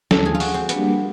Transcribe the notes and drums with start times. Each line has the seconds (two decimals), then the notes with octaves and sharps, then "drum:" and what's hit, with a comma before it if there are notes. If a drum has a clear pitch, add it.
0.11 D#2 D3 F3 G#3 A4, drum: snare
0.25 G#4
0.35 F4
0.40 F#4, drum: open hi-hat
0.54 C4
0.69 G3 A#3 B3 D4 G4, drum: hi-hat